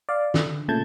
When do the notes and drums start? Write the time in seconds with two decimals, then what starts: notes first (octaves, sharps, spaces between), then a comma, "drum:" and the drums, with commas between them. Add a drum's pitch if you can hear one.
0.09 D5 F5
0.34 D3, drum: snare
0.68 A#2 C#3 A3 A5 G6 G#6